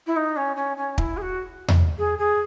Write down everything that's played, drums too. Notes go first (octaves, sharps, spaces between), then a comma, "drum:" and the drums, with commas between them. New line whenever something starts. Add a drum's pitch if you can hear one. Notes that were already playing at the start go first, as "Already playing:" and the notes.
E4
D#4
C#4
C#4
C#4
E4, drum: kick
G#4
F#4
drum: tom E2
G#4
G#4